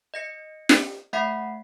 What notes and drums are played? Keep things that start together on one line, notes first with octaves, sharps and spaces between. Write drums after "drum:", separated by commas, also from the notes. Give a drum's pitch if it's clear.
D#5 A#6 C#7
drum: snare
A3 E5 F#5 B5 B6 C7